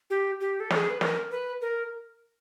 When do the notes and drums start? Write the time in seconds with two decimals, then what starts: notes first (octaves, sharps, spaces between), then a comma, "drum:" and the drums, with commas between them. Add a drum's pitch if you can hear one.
0.10 G4
0.41 G4
0.60 A4
0.70 A4, drum: snare
0.75 G#4
0.90 B4
1.01 A#4, drum: snare
1.31 B4
1.61 A#4